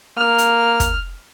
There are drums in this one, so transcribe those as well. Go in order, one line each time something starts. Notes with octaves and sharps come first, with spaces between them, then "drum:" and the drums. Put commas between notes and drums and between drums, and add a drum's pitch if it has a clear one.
A#3 F6
drum: hi-hat
drum: kick, hi-hat